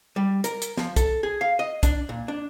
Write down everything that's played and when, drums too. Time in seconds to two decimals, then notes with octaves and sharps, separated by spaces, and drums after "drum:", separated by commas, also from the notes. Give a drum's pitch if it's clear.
0.16 G3
0.44 A#4, drum: hi-hat
0.62 drum: hi-hat
0.77 F3, drum: snare
0.96 A4, drum: kick, hi-hat
1.23 G#4
1.41 F5
1.59 D#5
1.83 D4, drum: kick, hi-hat
2.09 A#2
2.28 D4